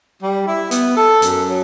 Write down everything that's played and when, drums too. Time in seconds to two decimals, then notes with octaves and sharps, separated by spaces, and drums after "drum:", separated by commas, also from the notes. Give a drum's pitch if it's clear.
0.22 G3
0.47 E4
0.71 B3, drum: hi-hat
0.97 A4
1.22 F#2, drum: hi-hat
1.48 F#3